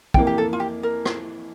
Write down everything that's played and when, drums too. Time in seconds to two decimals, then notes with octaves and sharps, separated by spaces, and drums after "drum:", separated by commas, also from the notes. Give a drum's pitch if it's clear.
0.14 F2 E3 A#3 G5, drum: kick
0.27 G4
0.38 A4
0.53 F4
0.60 G4
0.83 A#4
1.06 drum: rim click